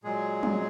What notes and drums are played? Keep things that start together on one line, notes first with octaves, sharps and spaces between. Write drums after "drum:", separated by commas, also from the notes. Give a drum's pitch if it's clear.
A#2 F#3 G#3 G#4
drum: tom